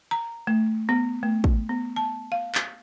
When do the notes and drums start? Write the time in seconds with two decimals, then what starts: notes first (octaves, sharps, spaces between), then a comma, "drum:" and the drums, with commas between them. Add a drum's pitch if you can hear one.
0.11 A#5
0.47 A3
0.89 B3
1.23 A3
1.44 drum: kick
1.69 B3
1.96 A5
2.32 F5
2.55 drum: clap